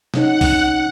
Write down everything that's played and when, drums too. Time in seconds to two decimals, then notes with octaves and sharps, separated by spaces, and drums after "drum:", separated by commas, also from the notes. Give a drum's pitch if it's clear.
0.14 C3 C#4 D#4 F#5, drum: snare
0.41 drum: kick, open hi-hat